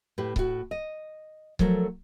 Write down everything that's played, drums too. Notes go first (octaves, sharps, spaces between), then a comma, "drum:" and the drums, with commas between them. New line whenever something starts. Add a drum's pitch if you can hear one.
A2 G4 B4
A2 F#4, drum: kick C#1
D#5
F3 F#3 A3 A4 A#4, drum: kick C#1